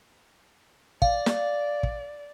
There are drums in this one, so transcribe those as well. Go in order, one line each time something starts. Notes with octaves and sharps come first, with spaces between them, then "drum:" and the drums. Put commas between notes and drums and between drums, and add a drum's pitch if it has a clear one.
D5 F5, drum: kick
drum: snare
drum: kick